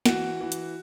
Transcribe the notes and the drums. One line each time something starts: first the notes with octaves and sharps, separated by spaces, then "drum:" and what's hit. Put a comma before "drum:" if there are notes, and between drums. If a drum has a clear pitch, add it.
E3 F#4, drum: snare
E3
drum: hi-hat